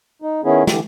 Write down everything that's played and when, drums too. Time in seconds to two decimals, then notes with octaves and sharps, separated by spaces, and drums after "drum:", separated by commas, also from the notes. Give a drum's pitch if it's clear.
0.22 D#4
0.44 D#3 B3 C#4 E4 G#4
0.67 D3 E3 G4, drum: snare